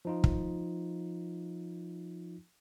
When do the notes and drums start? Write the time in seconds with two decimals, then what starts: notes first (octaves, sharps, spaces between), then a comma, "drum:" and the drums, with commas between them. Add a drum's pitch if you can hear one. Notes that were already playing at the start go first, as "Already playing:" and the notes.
0.05 F3 D#4 F4
0.24 drum: kick